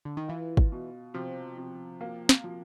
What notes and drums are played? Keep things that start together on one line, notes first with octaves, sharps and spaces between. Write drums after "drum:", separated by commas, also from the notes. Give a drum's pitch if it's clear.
D3
D#3
E3 F4
drum: kick
B2
C3 F3
C3
A#3
drum: snare
F3